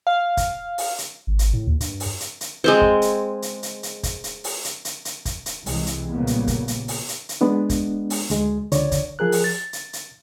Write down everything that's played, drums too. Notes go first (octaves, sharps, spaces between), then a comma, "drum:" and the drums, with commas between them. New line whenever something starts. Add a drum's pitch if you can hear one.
F5
drum: kick, hi-hat
drum: open hi-hat
drum: hi-hat
G#1
drum: hi-hat
A2
D#2
G2, drum: hi-hat
drum: open hi-hat
drum: hi-hat
drum: hi-hat
G#3 C4 C5
drum: kick
drum: hi-hat
drum: hi-hat
drum: hi-hat
drum: hi-hat
drum: kick, hi-hat
drum: hi-hat
drum: open hi-hat
drum: hi-hat
drum: hi-hat
drum: hi-hat
drum: kick, hi-hat
drum: hi-hat
C2 E3 G#3, drum: open hi-hat
drum: hi-hat
A#1 A#2 C#3 G3 A#3 B3
drum: hi-hat
drum: kick, hi-hat
drum: hi-hat
drum: open hi-hat
drum: hi-hat
drum: hi-hat
G#3 B3 D4
drum: kick, hi-hat
drum: open hi-hat
D2 G#3, drum: hi-hat
C#2 D3 C#5 D5, drum: hi-hat
drum: kick, hi-hat
F3 G#4 A#4 F#6
drum: open hi-hat
A6
drum: hi-hat
drum: hi-hat